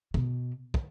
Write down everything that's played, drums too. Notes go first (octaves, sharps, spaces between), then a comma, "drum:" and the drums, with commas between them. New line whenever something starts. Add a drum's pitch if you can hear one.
B2, drum: kick
drum: kick